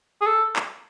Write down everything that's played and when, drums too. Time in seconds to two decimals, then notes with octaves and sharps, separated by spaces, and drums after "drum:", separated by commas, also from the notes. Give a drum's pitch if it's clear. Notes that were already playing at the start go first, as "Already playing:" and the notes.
0.21 G#4
0.26 A4
0.56 drum: clap